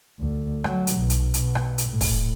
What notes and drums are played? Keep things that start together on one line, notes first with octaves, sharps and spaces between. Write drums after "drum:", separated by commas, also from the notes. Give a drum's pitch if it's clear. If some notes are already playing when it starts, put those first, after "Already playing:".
D2
F#3, drum: rim click
drum: hi-hat
B1
drum: hi-hat
B2, drum: hi-hat
drum: rim click
drum: hi-hat
A2
drum: kick, open hi-hat